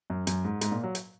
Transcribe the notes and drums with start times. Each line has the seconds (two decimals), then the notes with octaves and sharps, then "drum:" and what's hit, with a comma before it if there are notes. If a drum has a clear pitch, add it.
0.10 F#2
0.27 F#2, drum: hi-hat
0.44 G#2
0.61 G#2, drum: hi-hat
0.71 A#2
0.83 F#3
0.95 drum: hi-hat